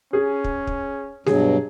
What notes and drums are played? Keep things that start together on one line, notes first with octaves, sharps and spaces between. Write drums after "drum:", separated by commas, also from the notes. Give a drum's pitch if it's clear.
C#4 G#4
drum: kick
drum: kick
G2 B2 F#3 G#4, drum: snare